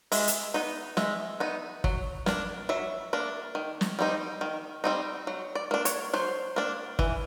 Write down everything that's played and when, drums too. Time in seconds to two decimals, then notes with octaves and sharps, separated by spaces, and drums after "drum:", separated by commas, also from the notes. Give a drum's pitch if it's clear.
0.12 G#3 E5, drum: open hi-hat
0.28 drum: hi-hat
0.54 B3 D#4
0.97 G#3 E5, drum: snare
1.40 B3 D#4
1.84 F#3, drum: kick
2.26 A#3 D4, drum: snare
2.69 F#3 E5
3.13 A#3 D4
3.55 D#3
3.81 drum: snare
3.99 G3 C4 D#4
4.41 D#3
4.84 G3 C4 D#4
5.27 F#3
5.55 D5
5.71 A#3 D4
5.85 C#5, drum: hi-hat
6.14 F#3 C5
6.56 A#3 D4
6.99 E3, drum: kick